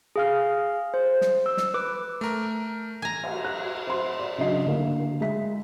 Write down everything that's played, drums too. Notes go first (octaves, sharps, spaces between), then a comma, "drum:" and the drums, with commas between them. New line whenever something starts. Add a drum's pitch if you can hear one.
G#4 F5 F6
C5
drum: snare
E6
drum: snare
B4 D6
A3 A#4
G#5 A#5
drum: cymbal
F#6
C5 C6
D5
C#3 F#3 D4 D#5 C7
D3 A#3 E4 A#4
G#3 E5 B6